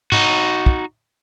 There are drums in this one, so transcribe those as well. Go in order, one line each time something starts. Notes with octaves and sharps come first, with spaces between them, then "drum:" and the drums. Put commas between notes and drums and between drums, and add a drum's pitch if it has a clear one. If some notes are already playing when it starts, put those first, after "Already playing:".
D#4 F#4, drum: tom
drum: kick